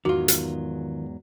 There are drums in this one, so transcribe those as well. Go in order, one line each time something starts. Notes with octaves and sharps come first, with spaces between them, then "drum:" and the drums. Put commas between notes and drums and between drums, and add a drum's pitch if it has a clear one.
E2 G#2 D#3 F#3 F4 F#4
drum: hi-hat